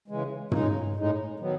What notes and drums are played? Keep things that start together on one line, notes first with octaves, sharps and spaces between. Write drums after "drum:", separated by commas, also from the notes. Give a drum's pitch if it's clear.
C#3 E3 G#3
C#3 G#3 D#4, drum: tom
A2 G#3 D#4
D#3 F#3 B3